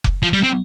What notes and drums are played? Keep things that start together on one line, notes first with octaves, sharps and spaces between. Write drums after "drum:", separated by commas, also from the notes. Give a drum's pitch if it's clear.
drum: kick F1
F3
G3
C4